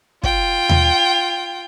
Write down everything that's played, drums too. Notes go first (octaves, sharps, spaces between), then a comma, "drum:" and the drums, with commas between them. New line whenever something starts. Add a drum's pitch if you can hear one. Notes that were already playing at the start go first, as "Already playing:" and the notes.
F4 G5, drum: kick
drum: tom D#2